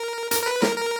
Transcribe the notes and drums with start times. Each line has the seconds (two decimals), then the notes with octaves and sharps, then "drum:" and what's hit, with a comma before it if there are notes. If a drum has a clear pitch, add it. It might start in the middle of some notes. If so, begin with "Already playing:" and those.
Already playing: A#4
0.31 A#4, drum: hi-hat
0.43 A#4
0.46 B4
0.62 A#4, drum: snare
0.77 A#4